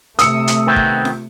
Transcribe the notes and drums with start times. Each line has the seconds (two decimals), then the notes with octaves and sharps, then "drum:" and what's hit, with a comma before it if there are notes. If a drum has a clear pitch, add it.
0.19 C3 A3 D#6 E6 C#7, drum: hi-hat
0.47 drum: hi-hat
0.67 D#3 B3 C4
0.76 drum: kick
1.05 drum: snare F4